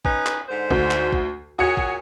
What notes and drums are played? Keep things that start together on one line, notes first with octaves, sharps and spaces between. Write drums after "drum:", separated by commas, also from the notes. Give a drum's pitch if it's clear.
C#4 D#4 B4, drum: kick A1
drum: clap
G#2 D3 C5
D2, drum: kick A1
drum: clap
drum: kick A1
A#2 F#4 G#4 C#5 C#7
drum: kick A1